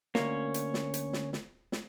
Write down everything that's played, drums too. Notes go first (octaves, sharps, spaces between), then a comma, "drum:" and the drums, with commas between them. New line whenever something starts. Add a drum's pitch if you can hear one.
D2 A#3 C#4 C#5, drum: snare
drum: hi-hat
drum: snare
drum: hi-hat
drum: snare
drum: snare
drum: snare